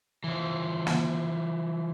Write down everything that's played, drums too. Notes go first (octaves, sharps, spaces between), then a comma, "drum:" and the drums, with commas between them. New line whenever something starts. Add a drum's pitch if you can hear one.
E3 F3
drum: snare